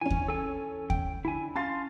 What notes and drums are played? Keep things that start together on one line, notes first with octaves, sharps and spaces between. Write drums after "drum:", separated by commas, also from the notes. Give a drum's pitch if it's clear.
E3 C#4 G#5
drum: kick D#2
A4 G#5
G5, drum: kick D#2
D3 E4 G#5
C#4 F5 A5 C6 A6